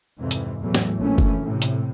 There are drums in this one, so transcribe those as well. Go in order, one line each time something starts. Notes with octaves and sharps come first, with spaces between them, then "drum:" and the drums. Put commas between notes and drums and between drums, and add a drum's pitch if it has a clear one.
F2 G#2 C3 E3
drum: hi-hat
E2 A2 E3 F#3 A3
drum: snare
A#1 A2 E3 A3 C#4
drum: kick F#1
A2 C3
drum: hi-hat